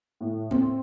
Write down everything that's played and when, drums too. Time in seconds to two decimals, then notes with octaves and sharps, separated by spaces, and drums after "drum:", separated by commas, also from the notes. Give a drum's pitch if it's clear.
0.21 A2
0.51 C4, drum: tom A2